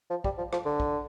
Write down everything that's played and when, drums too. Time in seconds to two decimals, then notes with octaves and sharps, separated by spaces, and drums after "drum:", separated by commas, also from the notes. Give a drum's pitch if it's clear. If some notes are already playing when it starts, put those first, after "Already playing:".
0.10 F3
0.24 G3, drum: kick
0.38 F3
0.53 F3, drum: rim click
0.65 D3
0.80 drum: kick